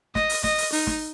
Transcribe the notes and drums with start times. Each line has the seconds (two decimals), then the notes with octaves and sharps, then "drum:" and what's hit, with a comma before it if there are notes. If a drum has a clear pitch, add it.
0.15 D#5, drum: snare
0.29 drum: open hi-hat
0.43 D#5, drum: snare
0.58 drum: open hi-hat
0.73 D#4, drum: open hi-hat
0.87 drum: snare